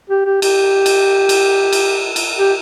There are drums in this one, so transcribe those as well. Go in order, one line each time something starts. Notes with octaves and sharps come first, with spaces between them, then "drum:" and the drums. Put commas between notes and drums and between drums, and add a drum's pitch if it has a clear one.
G4
G4
G4, drum: cymbal
drum: cymbal
drum: cymbal
drum: cymbal
drum: cymbal
G4